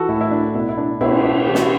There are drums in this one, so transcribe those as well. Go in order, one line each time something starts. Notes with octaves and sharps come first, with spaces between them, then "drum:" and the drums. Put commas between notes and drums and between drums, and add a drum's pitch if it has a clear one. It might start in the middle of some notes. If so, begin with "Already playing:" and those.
Already playing: E3 F#4 A4
A2 E4
E4
D4
B2 E4
E4
D4
B2 E4, drum: cymbal
E4
E3 G4
F#4, drum: snare
E4